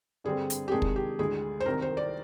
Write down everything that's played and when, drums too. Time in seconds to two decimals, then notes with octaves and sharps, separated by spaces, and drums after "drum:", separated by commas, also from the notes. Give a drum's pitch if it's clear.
0.24 G2 D3 G3 C4 G#4
0.50 drum: hi-hat
0.68 G4
0.72 C3 D#3 G#3 D4 G#4
0.82 drum: kick
0.96 G4
1.19 D2 D3 G#3 G#4
1.60 C5
1.66 C2 C3 D#3 A#4
1.82 C5
1.97 D5